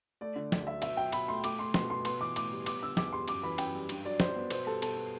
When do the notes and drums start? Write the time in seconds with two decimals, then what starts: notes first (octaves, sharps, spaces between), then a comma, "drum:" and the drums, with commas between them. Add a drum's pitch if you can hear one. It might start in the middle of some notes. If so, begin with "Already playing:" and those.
0.21 A3 D5
0.36 D3
0.52 D2, drum: snare
0.66 F#3 E5
0.82 B2 E5, drum: cymbal
0.97 F#3 G5
1.12 B2 B5, drum: cymbal
1.28 A3 C6
1.44 A3 D6, drum: cymbal
1.59 A3 C6
1.74 B2 C6, drum: snare
1.90 B2 C6
2.05 B3 C6, drum: cymbal
2.20 E3 D6
2.36 A2 D6, drum: cymbal
2.52 G3
2.66 B3 D6, drum: cymbal
2.83 D3 E6
2.97 E2 D6, drum: snare
3.13 G3 C6
3.28 F#2 D6, drum: cymbal
3.43 E3 B5
3.58 F#2 G5, drum: cymbal
3.74 G3
3.89 G2, drum: cymbal
4.05 F#3 D5
4.20 G2 C5, drum: snare
4.36 B3
4.50 B2 C5, drum: cymbal
4.66 G3 A4
4.82 B2 A4, drum: cymbal
4.97 B3